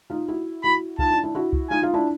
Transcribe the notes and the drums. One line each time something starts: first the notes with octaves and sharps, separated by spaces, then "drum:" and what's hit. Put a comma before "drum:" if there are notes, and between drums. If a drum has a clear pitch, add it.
D#4 F4
E4 F#4
E4 F#4 B5
D#4 F4 A5, drum: kick C2
D4 E4
D4 E4
E4 F#4
drum: kick C2
D#4 F4 G#5
D#4 F4
D4 E4